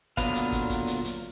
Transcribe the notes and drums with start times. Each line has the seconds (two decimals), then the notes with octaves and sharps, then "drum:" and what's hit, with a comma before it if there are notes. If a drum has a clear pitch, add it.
0.17 A#2 D3 F#3 B3 B4 F5, drum: kick, hi-hat
0.35 drum: hi-hat
0.52 drum: kick, hi-hat
0.70 drum: kick, hi-hat
0.87 drum: hi-hat
1.05 drum: hi-hat